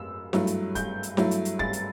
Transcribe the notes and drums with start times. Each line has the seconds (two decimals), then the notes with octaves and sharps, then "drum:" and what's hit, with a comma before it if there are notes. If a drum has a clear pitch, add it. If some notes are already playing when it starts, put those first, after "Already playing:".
Already playing: F#2 E6
0.33 G2 F#3 A3 E4, drum: snare
0.47 drum: hi-hat
0.75 G6, drum: kick, hi-hat
1.03 drum: hi-hat
1.17 G2 F#3 A3 E4, drum: snare
1.31 drum: hi-hat
1.45 drum: hi-hat
1.59 A6, drum: kick
1.73 drum: hi-hat